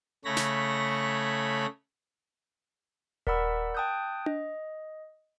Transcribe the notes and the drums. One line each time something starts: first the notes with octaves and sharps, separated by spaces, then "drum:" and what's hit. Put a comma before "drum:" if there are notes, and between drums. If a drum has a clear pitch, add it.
C#3 A3 C#5 B5 A#6
drum: snare
A#4 D5 F#5 B5 E6, drum: kick D#1
G5 A5 D#6 F#6 G6
D#5, drum: tom D4